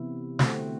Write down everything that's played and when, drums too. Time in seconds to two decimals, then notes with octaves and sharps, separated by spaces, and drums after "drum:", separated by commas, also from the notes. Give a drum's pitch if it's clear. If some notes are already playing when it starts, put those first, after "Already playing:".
Already playing: C3 E3 B3 E4
0.39 D3 A3 C4 F#4, drum: snare